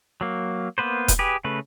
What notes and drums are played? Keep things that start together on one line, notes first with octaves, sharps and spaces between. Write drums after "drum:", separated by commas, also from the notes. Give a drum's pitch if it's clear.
F#3 A#3
A#3 B3 B4 C5
drum: kick E1, hi-hat
G4 G#4 B4
C#3 A3 B4